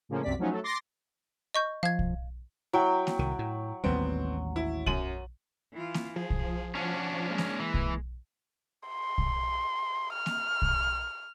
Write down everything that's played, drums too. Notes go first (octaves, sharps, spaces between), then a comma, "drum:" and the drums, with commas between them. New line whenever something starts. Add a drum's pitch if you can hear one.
A2 C#3 F3 A#3 C#4
C2 F#2 C3 D5 B6
F3 F#3 A3 C#4 D#4
F#3 A3 A4
C6 D6 A6 A#6 C7
D#5 C#6 G6
F3 F5 G#6
drum: kick
F#3 E4 G5
drum: snare A#3
C2 D#3
A2
A1 D#2 G3 B3 C4
E4
F#2 D#7 F#7, drum: kick
E3 F4
drum: snare A#3
F3 G#4
drum: kick
C#4 D4 F#4
G#3 A#3
drum: snare A#3
E3
drum: kick
C6
drum: kick
F6
drum: snare A#3
drum: kick